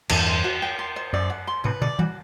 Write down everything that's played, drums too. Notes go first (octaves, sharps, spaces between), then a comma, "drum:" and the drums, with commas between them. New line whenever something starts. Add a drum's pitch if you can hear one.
E2 G2 A4, drum: cymbal
C5
F#4
G5
C6
C5
F#2 D5
F#5
C6
A2 C3 B4
B2 D3 D5
E3 G3 F#4